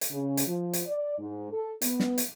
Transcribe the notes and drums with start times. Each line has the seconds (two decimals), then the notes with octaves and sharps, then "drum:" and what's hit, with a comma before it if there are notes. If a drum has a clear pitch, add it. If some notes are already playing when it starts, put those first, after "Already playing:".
0.01 drum: hi-hat
0.11 C#3
0.37 drum: hi-hat
0.46 F3
0.73 drum: hi-hat
0.86 D5
1.18 G#2
1.51 A4
1.82 B3, drum: hi-hat
2.00 drum: snare
2.18 drum: hi-hat